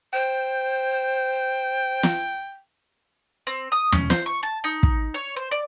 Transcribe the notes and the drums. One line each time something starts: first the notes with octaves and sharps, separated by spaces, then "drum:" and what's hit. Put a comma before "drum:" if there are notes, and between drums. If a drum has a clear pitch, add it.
C5 G5
drum: snare
C4
D#6
C#4, drum: tom
C5, drum: snare
C#6
A5
D#4
drum: kick
C#5
C5
D5